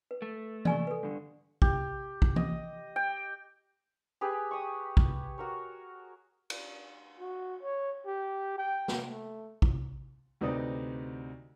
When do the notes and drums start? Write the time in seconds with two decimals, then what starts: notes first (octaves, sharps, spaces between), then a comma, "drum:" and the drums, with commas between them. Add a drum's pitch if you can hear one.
0.11 B4
0.22 A3
0.65 D5 G#5 C#6, drum: tom E3
0.87 A4 B4
1.03 G2 D3
1.62 G4, drum: kick
2.22 drum: kick
2.36 D#5, drum: tom E3
2.96 G5
4.21 G4 G#4 B4
4.51 C#6 D#6
4.97 drum: kick
5.38 F#4 A#4 C#5
6.50 drum: cymbal
7.20 F#4
7.63 C#5
8.07 G4
8.58 G5
8.88 drum: snare
9.08 A3
9.62 drum: kick
10.41 D2 C3 D#4 B4 D5 D#6